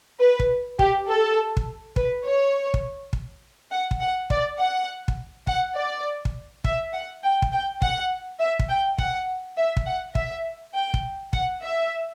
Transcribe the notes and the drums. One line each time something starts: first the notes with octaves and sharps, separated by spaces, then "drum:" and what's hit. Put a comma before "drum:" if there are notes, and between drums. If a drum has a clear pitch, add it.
B4
drum: kick
G4, drum: kick
A4
drum: kick
B4, drum: kick
C#5
drum: kick
drum: kick
F#5
drum: kick
F#5
D5, drum: kick
F#5
drum: kick
F#5, drum: kick
D5
drum: kick
E5, drum: kick
F#5
G5
drum: kick
G5
F#5, drum: kick
E5
drum: kick
G5
F#5, drum: kick
E5
drum: kick
F#5
E5, drum: kick
G5
drum: kick
F#5, drum: kick
E5